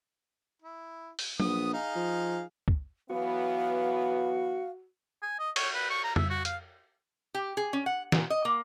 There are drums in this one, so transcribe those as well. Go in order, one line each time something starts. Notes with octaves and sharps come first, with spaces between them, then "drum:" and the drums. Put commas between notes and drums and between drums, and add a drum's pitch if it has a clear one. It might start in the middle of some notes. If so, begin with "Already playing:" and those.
E4
drum: open hi-hat
A#1 B3 D#6, drum: tom
D#4 G#4 F5
F3
drum: kick
E3 F#3 B3 F#4 F5
G#5
D#5
C#5, drum: cymbal
B4
C#6
A#5
E5, drum: tom F2
F#4
F5, drum: hi-hat
G4
G#4
C#4
F#5
A#2, drum: snare
D#5
A#3